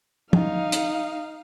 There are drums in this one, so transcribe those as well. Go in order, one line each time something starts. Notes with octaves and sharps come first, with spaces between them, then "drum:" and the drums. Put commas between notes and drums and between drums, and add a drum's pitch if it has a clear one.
D#4 F5, drum: tom
drum: hi-hat